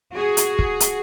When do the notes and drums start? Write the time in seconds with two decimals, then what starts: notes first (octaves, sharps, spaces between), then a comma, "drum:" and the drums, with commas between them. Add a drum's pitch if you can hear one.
0.15 F#4 G#4
0.37 drum: hi-hat
0.59 drum: kick
0.80 drum: hi-hat